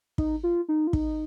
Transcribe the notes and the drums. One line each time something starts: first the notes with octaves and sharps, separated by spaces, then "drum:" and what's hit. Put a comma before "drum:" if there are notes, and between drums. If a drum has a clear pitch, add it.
D#4, drum: kick
F4
D#4
F4
D#4, drum: kick